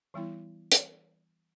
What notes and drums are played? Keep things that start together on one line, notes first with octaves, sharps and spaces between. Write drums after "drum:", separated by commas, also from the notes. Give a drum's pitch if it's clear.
E3 G3 B3 E4
drum: hi-hat